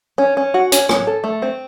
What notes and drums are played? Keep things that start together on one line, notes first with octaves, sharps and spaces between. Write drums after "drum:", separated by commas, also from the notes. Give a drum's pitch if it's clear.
C#4
C#4
F#4
C#4, drum: hi-hat
C#4, drum: rim click
A4
A3
C4